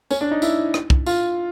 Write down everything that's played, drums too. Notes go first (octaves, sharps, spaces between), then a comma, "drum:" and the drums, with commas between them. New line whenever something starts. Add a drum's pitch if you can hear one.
C#4, drum: tambourine
D4
D#4
E4, drum: tambourine
drum: rim click
drum: kick
F4, drum: tambourine